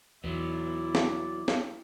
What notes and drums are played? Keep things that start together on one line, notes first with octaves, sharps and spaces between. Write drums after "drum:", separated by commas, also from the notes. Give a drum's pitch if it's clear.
E2 F#3 B3 E4 D5
drum: snare
drum: snare